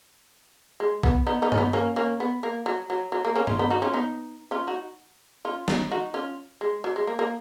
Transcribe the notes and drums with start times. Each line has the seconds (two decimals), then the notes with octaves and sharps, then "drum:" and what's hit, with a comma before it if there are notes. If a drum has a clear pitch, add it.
0.80 G#3
1.03 B3, drum: kick A#1
1.27 B3 D#4
1.42 B3 D#4
1.52 C#4, drum: tom G2
1.58 B3 D#4
1.73 A#3 C#4
1.96 A#3 C#4
2.20 B3
2.43 A#3
2.66 F#3
2.90 F#3
3.12 F#3
3.25 A#3
3.35 A#3 C#4
3.47 C#4 F4, drum: tom G2
3.59 B3 D#4
3.70 D#4 F#4
3.82 C#4 F4
3.94 B3 D#4
4.51 C#4 F4
4.67 D#4 F#4
5.45 C#4 F4
5.68 B3 D#4, drum: snare
5.91 D#4 F#4
6.14 C#4 F4
6.61 G#3
6.84 F#3
6.96 G#3
7.07 A#3
7.19 A#3